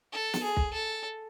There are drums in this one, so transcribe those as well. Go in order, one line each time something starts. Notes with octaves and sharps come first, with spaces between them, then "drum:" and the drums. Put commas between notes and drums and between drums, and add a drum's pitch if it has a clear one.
A4
drum: snare
G#4
drum: kick
A4